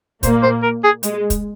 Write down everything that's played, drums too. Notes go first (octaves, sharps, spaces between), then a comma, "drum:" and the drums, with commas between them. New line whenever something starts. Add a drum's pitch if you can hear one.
A#2 A#3 C5, drum: kick, hi-hat
C5
A#4
G#4
G#3, drum: hi-hat
drum: kick, hi-hat